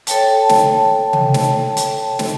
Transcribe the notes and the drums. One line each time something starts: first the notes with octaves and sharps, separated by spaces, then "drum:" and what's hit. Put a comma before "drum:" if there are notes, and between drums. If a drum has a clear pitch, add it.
A4 C#5 G5 A5, drum: hi-hat
drum: snare
drum: tom C3
drum: snare
drum: hi-hat
drum: snare